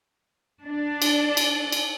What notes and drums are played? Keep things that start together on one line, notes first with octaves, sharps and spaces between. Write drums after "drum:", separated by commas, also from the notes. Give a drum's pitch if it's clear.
D4
drum: cymbal
drum: cymbal
drum: cymbal